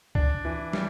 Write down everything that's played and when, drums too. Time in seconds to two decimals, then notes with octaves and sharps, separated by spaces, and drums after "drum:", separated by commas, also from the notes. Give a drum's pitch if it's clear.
0.15 D4, drum: kick C#2
0.45 E3
0.73 G3, drum: snare